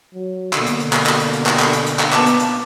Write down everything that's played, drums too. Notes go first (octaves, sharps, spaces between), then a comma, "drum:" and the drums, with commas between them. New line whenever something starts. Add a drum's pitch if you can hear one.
F#3
B2 D3 A#3, drum: clap
drum: hi-hat
drum: hi-hat
drum: clap
drum: clap
drum: hi-hat
drum: hi-hat
drum: clap
drum: clap
drum: hi-hat
drum: hi-hat
drum: clap
B3 A5 D6, drum: clap
drum: hi-hat
drum: hi-hat